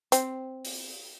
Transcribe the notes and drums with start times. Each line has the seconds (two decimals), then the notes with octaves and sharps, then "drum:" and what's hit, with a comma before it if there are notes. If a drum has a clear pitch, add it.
0.12 C4, drum: hi-hat
0.65 drum: open hi-hat